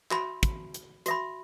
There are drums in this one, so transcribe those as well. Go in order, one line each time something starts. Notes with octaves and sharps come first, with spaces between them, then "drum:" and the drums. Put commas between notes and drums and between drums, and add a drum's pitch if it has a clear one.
F#4 E5 B5, drum: clap
drum: kick, hi-hat
drum: hi-hat
F#4 E5 B5, drum: hi-hat